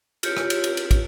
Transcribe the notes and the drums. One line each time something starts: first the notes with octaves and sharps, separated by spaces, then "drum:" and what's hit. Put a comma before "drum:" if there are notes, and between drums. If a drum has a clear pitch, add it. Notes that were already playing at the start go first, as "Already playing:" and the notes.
F4 G4 C#5, drum: cymbal
drum: rim click
drum: cymbal
drum: cymbal
drum: cymbal
drum: kick, cymbal